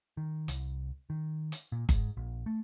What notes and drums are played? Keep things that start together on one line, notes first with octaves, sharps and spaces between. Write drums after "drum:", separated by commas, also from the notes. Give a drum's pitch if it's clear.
D#3
C2, drum: hi-hat
D#3
drum: hi-hat
A#2
G#2, drum: kick G1, hi-hat
A#1
A3